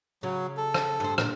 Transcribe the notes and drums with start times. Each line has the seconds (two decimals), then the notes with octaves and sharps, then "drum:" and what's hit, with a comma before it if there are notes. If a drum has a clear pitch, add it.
0.23 C#3 F#3
0.57 A4
0.74 drum: rim click
1.00 G2 C5
1.18 A#2, drum: rim click